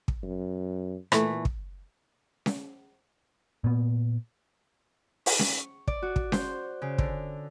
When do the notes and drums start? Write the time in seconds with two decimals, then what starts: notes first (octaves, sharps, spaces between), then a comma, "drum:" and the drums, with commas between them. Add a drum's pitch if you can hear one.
0.08 drum: kick
0.23 F#2
1.12 A#2 E3 A3, drum: rim click
1.45 drum: kick
2.46 drum: snare C#4
3.64 A#2 B3
5.26 C#6, drum: open hi-hat
5.39 drum: snare C#4
5.87 D5, drum: kick
6.02 F#4
6.16 drum: kick
6.32 C5, drum: snare C#4
6.82 C#3
6.98 D3, drum: kick